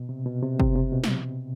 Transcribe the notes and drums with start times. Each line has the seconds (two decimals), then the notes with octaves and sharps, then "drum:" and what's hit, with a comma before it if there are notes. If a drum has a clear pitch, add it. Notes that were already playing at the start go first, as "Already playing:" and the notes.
Already playing: B2
0.09 C3
0.26 B2
0.43 C3
0.60 C3, drum: kick F#1
0.76 C3
0.92 B2
1.04 drum: snare